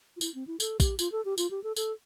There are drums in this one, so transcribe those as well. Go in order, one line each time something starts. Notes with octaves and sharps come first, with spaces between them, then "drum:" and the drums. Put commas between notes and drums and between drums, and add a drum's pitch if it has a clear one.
F4
E4, drum: tambourine
C4
E4
A4, drum: tambourine
G4, drum: kick A#1, tambourine
F4, drum: tambourine
A4
G4
F4, drum: tambourine
G4
A4
A4, drum: tambourine